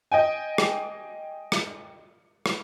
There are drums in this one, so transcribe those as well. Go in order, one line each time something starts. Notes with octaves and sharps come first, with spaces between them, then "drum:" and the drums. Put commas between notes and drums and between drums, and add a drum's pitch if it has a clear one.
D#5 G5 G#5
drum: rim click
drum: rim click
drum: rim click